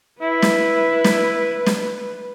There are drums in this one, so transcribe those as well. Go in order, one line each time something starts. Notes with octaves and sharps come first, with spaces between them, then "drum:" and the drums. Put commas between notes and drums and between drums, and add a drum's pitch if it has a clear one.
E4 B4
drum: snare
drum: snare
drum: snare